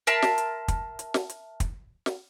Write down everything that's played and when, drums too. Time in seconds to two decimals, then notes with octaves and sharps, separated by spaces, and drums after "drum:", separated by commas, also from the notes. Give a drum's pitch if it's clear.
0.07 A#4 E5 A5 C6, drum: hi-hat
0.22 drum: snare
0.38 drum: hi-hat
0.68 drum: kick, hi-hat
0.99 drum: hi-hat
1.14 drum: snare
1.30 drum: hi-hat
1.60 drum: kick, hi-hat
2.06 drum: snare